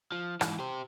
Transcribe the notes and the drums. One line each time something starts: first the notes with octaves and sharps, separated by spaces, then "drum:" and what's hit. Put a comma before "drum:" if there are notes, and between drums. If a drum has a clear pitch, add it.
F3
G#2 E3, drum: rim click
G4 C5